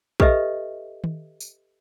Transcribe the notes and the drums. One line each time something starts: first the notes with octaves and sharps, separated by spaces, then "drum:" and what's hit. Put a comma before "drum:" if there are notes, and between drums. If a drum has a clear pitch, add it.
G4 A4 B4 D#5 E5, drum: kick
drum: tom D#3
drum: tambourine